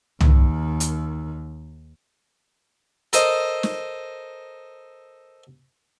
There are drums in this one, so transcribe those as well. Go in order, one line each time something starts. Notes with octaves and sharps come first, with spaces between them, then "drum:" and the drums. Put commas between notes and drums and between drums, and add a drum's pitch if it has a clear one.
D#2 D#3, drum: tom
drum: hi-hat
A4 A#4 C5 D#5, drum: hi-hat
drum: snare